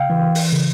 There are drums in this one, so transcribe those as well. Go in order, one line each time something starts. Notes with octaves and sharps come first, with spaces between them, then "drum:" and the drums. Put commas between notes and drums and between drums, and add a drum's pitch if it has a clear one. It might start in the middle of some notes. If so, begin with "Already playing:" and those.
Already playing: C#3 F5 G5
E3
drum: open hi-hat
C#3